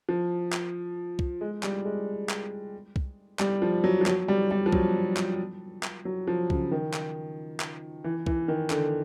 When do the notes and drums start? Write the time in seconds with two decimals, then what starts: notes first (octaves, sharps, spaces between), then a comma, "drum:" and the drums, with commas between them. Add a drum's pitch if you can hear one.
0.09 F3
0.53 drum: clap
1.19 drum: kick C2
1.41 G#3
1.63 G3, drum: clap
1.85 G#3
2.29 drum: clap
2.96 drum: kick C2
3.39 G3, drum: clap
3.62 F3
3.84 F#3
4.01 F3
4.06 F#3, drum: clap
4.28 G3
4.51 G3
4.66 F3
4.72 F#3, drum: kick C2
5.17 drum: clap
5.83 drum: clap
6.05 F#3
6.28 F3
6.50 C#3, drum: kick C2
6.71 D#3
6.94 drum: clap
7.60 drum: clap
8.04 E3
8.26 E3, drum: kick C2
8.48 D#3
8.70 D3, drum: clap